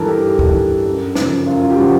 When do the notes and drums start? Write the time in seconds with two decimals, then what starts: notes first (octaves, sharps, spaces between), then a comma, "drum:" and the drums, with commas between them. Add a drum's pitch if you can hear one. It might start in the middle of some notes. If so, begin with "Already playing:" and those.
Already playing: G2 E3 A4 A#4
0.08 G4
0.24 G2
0.39 drum: kick
0.54 E3
0.85 F#2
1.15 C#3 F3, drum: snare
1.46 F#2 F4
1.61 F4
1.71 G4
1.77 C#3 F3 F#4